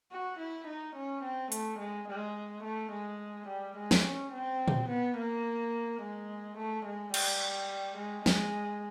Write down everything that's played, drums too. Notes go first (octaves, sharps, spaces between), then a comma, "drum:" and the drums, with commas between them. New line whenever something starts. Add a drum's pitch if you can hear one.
F#4
E4
D#4
C#4
C4
A3, drum: hi-hat
G#3
G#3
A3
G#3
G3
G#3
drum: snare
C#4
C4
drum: tom
B3
A#3
G#3
A3
G#3
G3, drum: cymbal
G#3
G#3, drum: snare